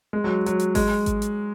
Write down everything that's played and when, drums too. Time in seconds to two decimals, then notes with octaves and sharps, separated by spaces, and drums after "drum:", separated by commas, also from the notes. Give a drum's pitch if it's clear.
0.13 G#3
0.24 F#3
0.46 F#3, drum: hi-hat
0.60 drum: hi-hat
0.75 G#3, drum: kick G#1, open hi-hat
1.06 drum: kick G#1, hi-hat
1.22 drum: hi-hat